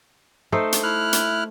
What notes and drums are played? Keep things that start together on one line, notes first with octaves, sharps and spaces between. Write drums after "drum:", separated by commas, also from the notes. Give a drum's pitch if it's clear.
A3 D#4 C5
drum: hi-hat
E4 F6 F#6
drum: hi-hat